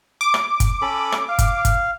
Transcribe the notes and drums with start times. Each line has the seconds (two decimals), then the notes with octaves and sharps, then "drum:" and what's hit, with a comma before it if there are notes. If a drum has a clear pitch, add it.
0.21 D6
0.34 drum: rim click
0.60 drum: kick G1, hi-hat
0.82 C#4 A4 B5
1.12 drum: rim click
1.29 F5
1.39 drum: kick G1, hi-hat
1.65 drum: kick G1, hi-hat